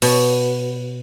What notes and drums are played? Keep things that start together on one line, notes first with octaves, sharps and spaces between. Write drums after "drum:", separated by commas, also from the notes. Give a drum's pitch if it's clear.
B2, drum: open hi-hat